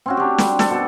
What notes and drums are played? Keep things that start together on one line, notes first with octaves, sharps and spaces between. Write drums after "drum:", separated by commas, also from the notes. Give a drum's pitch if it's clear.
C4 C#4 F#4
D4 G4
G3, drum: snare
A4, drum: snare
B2